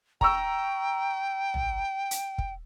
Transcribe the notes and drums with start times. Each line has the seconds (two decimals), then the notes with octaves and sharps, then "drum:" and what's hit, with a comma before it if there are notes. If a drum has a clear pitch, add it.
0.21 G5 A#5 C#6 E6, drum: kick
1.54 drum: tom
2.11 drum: hi-hat
2.38 drum: kick